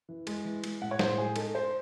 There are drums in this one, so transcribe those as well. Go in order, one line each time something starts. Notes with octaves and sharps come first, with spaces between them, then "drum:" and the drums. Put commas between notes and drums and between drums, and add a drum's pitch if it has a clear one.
E3
G#3, drum: cymbal
E3
G#3, drum: cymbal
A2 F#5
C#5
A2 C5, drum: snare
G#3 G#4
D#4 A4, drum: cymbal
D#4 C5